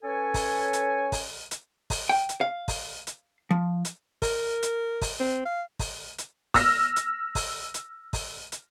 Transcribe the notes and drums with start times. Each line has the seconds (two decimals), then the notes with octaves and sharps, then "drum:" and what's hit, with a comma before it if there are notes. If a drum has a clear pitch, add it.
0.04 C#4 A4 B4 C#5 G#5
0.34 drum: kick, open hi-hat
0.73 drum: hi-hat
1.12 drum: kick, open hi-hat
1.51 drum: hi-hat
1.90 drum: kick, open hi-hat
2.09 G5
2.29 drum: hi-hat
2.41 F5
2.68 drum: kick, open hi-hat
3.07 drum: hi-hat
3.51 F3
3.85 drum: hi-hat
4.22 A#4, drum: kick, open hi-hat
4.63 drum: hi-hat
5.02 drum: kick, open hi-hat
5.19 C4
5.45 F5
5.79 drum: kick, open hi-hat
6.18 drum: hi-hat
6.54 E6 F6 A#6, drum: kick, open hi-hat
6.96 drum: hi-hat
7.35 drum: kick, open hi-hat
7.74 drum: hi-hat
8.13 drum: kick, open hi-hat
8.52 drum: hi-hat